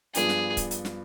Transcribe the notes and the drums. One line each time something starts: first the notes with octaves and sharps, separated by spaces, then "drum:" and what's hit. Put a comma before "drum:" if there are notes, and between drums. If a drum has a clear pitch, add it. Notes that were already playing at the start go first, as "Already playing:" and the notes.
G2 F3 B3 D4 G#4, drum: hi-hat
drum: snare
drum: kick C#1, hi-hat
drum: hi-hat
drum: snare